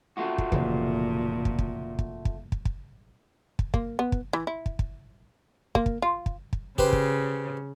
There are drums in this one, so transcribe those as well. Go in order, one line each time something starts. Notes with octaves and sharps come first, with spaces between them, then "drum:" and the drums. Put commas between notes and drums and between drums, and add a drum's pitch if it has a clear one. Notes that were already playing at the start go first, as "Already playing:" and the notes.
A3 F4 F#4
drum: kick
F1 A#2 C#3 E3, drum: kick
drum: kick
drum: kick
drum: kick
drum: kick
drum: kick
drum: kick
drum: kick
A#3, drum: kick
B3
drum: kick
E3
E4
drum: kick
drum: kick
A#3, drum: kick
drum: kick
F4
drum: kick
drum: kick
C#3 G4 B4 C5, drum: kick
drum: kick